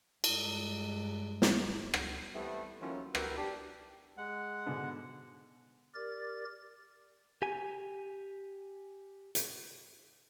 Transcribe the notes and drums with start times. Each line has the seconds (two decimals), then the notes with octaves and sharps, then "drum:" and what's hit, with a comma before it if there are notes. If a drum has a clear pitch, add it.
0.24 G2 G#3, drum: cymbal
1.42 drum: snare
1.94 drum: rim click
2.35 E3 G3 A3 B3 C4 E4
2.81 D#3 F3 F#3 A#3 C#4 E4
3.15 E4 F#4 G4 A#4 B4, drum: rim click
3.38 D4 G4
4.17 G#3 F#5
4.66 G#2 B2 D3
5.95 G4 A#4 D5 A6
7.42 G4 G#5
9.35 drum: hi-hat